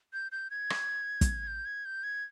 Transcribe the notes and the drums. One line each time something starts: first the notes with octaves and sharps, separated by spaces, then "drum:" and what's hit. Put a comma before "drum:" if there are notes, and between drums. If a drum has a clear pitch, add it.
G6
G6
G#6
drum: rim click
drum: kick, hi-hat
G6
G#6
G6
G#6